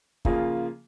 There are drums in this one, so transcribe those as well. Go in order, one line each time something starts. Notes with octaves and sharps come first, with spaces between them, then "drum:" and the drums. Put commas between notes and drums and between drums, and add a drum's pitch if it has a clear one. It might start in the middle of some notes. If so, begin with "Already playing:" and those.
C#3 F3 A#3 F4 G#4, drum: kick